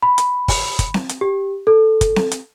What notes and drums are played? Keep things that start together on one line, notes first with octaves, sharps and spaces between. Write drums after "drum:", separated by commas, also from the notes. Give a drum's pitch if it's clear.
B5
drum: hi-hat
drum: kick G1, open hi-hat
drum: kick G1, hi-hat
drum: snare C4
drum: hi-hat
G4
A4
drum: kick G1, hi-hat
drum: snare C4
drum: hi-hat